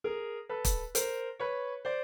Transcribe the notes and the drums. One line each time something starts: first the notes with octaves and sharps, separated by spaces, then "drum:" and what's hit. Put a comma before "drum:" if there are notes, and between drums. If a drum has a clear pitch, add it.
G#4 A#4
A4 B4
drum: kick, hi-hat
A#4 C5, drum: hi-hat
B4 C#5
C5 D5